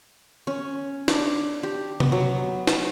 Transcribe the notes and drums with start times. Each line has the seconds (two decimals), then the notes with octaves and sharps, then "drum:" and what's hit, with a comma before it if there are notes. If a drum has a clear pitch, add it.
0.47 C#4
1.08 D4, drum: snare
1.63 G4
2.00 B3, drum: tom C3
2.12 F#3
2.67 drum: snare